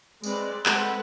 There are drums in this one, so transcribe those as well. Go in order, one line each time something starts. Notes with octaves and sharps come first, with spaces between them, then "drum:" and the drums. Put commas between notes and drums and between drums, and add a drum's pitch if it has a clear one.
G#3 C4 B4 D5, drum: tambourine
G#3 C4 A4 B4 F#5, drum: clap